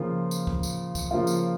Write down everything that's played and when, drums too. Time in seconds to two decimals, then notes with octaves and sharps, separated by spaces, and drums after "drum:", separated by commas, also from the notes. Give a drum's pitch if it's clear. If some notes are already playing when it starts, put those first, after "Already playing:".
Already playing: C#3 F3 A#3 F4
0.31 drum: tambourine
0.47 drum: kick
0.63 drum: tambourine
0.95 drum: kick, tambourine
1.11 C#3 F3 A#3 F4
1.27 drum: tambourine